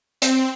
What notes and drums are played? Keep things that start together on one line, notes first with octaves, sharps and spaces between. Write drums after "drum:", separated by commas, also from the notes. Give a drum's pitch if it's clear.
C4, drum: hi-hat